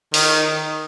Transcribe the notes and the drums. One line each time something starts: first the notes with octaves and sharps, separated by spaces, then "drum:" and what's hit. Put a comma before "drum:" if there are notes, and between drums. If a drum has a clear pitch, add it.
D#3, drum: open hi-hat